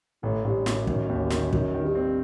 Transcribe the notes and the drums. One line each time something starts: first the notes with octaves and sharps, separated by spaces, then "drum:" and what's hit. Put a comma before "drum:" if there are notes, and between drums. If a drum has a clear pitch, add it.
A1 A2
A1 G2
A1 F#2, drum: snare
D#3, drum: kick
D#2
D#3, drum: snare
F#2 D#3, drum: kick
D#3
G2
C4